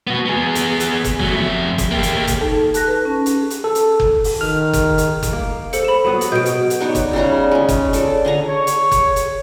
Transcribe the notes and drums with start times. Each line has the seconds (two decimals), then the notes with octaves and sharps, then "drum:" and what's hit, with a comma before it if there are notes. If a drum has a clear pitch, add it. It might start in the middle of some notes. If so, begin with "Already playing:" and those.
0.07 B3 F#4
0.26 B3 G#4
0.55 drum: hi-hat
0.80 drum: hi-hat
1.04 drum: kick F#1, hi-hat
1.20 F#3 A3
1.35 F2 E5
1.78 drum: kick F#1, hi-hat
1.91 A#3 G4
2.03 drum: hi-hat
2.27 drum: kick F#1, hi-hat
2.41 D#4 A4
2.74 A5 F#6 A#6, drum: hi-hat
2.87 B4 A5
3.05 C#4
3.26 drum: hi-hat
3.50 drum: hi-hat
3.64 A4
3.75 drum: hi-hat
4.00 drum: kick F#1
4.24 drum: open hi-hat
4.41 D#3 F6
4.73 drum: kick F#1, hi-hat
4.98 drum: hi-hat
5.23 drum: kick F#1, hi-hat
5.33 A#3
5.73 A4 C5 C#7, drum: hi-hat
5.85 B5 E7
6.04 F#3 B3 F#4
6.21 drum: hi-hat
6.32 B2 F#4 G6 D7
6.46 drum: hi-hat
6.70 drum: hi-hat
6.80 B3 D#4 C#5 D5
6.95 drum: kick F#1, hi-hat
7.13 C#3 G3 D#4 A#5
7.51 G#3 C#4
7.69 drum: kick F#1, hi-hat
7.93 A4 D5 A5, drum: hi-hat
8.25 D3 G#4 A#5
8.48 C#5
8.67 drum: hi-hat
8.91 drum: kick F#1, hi-hat
9.16 drum: hi-hat